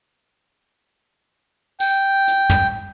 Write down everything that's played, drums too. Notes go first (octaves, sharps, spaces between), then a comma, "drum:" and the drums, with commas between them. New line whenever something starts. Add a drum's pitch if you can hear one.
G5, drum: tambourine
drum: hi-hat
drum: tom